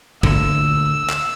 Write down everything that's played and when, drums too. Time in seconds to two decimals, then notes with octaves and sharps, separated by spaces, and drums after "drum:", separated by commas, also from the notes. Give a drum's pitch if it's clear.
0.23 D2 A#2 D3 E6, drum: kick
1.10 drum: clap